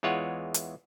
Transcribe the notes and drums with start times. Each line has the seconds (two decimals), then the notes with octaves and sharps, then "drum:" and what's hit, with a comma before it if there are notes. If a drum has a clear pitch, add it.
0.03 E2 E3 G#3 F4 C#5 F#5
0.54 drum: hi-hat